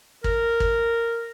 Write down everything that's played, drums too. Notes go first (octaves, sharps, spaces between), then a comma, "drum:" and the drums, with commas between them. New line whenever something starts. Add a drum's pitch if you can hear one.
A#4, drum: kick
drum: kick